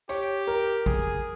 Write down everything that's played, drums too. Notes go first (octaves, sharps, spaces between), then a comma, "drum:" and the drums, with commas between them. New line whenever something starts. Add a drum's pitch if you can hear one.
G4 C#5, drum: hi-hat
A#4
G#4, drum: kick A1